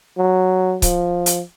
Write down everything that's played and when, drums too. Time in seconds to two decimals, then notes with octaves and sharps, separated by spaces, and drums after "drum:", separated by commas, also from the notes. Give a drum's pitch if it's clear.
0.18 F#3
0.82 F3, drum: kick C#1, hi-hat
1.26 drum: hi-hat